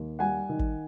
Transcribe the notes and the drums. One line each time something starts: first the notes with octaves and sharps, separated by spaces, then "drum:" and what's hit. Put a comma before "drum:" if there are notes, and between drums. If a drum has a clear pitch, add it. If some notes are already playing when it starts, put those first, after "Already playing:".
Already playing: D#2
G3 F#5 G#5
D#3
drum: kick